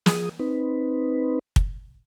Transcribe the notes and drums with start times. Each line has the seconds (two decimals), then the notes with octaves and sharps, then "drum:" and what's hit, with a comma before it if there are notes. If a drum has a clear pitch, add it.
0.06 F3 G#4 D#6, drum: snare
0.40 C4 D#4 B4
1.56 drum: kick